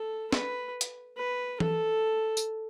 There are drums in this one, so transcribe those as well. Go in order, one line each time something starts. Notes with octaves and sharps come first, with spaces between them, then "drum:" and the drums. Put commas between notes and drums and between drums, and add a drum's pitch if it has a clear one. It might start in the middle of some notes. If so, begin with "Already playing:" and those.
Already playing: A4
B4, drum: snare
drum: hi-hat
B4
A4, drum: tom E3
drum: tambourine